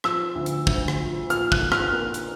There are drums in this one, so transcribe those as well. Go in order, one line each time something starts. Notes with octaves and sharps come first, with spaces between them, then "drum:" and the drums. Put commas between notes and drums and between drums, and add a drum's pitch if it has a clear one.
F3 E6, drum: rim click
D2
drum: hi-hat
D2, drum: kick
drum: rim click
F3
A#2 F6, drum: hi-hat
F#6, drum: kick
A#2
F6, drum: rim click
A#3
drum: hi-hat